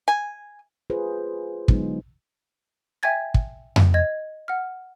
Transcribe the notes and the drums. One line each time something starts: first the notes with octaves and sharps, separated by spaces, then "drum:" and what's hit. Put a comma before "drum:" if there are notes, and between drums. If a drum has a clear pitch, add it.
G#5
F4 G#4 B4 C5
D3 F#3 G#3 B3 D#4, drum: kick
E5 G5 G#5 G#6 A6
drum: kick
drum: tom F2
D#5 G#6
F#5 F6